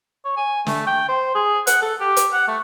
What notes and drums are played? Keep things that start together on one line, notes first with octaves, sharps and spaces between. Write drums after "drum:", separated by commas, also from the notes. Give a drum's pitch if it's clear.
C#5
G#5
A3, drum: snare
G5
C5
G#4
F#5, drum: hi-hat
A4
G4
drum: hi-hat
F#5
A3